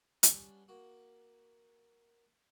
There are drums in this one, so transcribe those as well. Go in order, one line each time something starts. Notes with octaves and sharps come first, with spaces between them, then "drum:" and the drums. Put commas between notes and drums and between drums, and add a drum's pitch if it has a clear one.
G3 B3 C#4 D4, drum: hi-hat
A#3 F#4